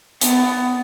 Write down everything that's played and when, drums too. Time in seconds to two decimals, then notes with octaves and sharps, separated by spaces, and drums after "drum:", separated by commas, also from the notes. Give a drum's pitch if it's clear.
0.21 B3, drum: hi-hat